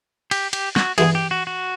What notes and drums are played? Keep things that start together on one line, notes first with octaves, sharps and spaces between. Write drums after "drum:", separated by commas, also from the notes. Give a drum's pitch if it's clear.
G4, drum: cymbal
G4, drum: cymbal
F#4, drum: snare
G2 E3 G#3 B3 D4 G#4, drum: cymbal
G4
F#4
F#4